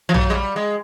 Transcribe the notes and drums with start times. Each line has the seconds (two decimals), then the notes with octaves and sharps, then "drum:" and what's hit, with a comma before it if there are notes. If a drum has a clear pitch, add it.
0.09 F3
0.14 F#3, drum: tom A#1
0.30 G#3
0.34 G3
0.56 G#3